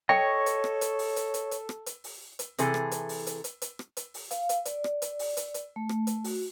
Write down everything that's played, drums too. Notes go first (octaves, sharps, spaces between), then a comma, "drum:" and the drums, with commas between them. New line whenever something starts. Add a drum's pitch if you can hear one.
A4 C#5 D#5 G5 C#6
drum: hi-hat
drum: rim click
drum: hi-hat
drum: open hi-hat
drum: hi-hat
drum: hi-hat
drum: hi-hat
drum: rim click
drum: hi-hat
drum: open hi-hat
drum: hi-hat
C3 E3 G#4 A4, drum: hi-hat
drum: rim click
drum: hi-hat
drum: open hi-hat
drum: hi-hat
drum: hi-hat
drum: hi-hat
drum: rim click
drum: hi-hat
drum: open hi-hat
F5, drum: hi-hat
drum: hi-hat
D5, drum: hi-hat
drum: rim click
drum: hi-hat
drum: open hi-hat
drum: hi-hat
drum: hi-hat
A3
drum: rim click
drum: hi-hat
F#4, drum: open hi-hat